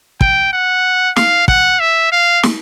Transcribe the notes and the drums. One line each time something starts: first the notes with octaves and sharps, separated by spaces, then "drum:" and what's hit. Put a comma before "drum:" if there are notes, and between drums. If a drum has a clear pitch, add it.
G5, drum: kick
F#5
F5, drum: snare
F#5, drum: kick
E5
F5
drum: snare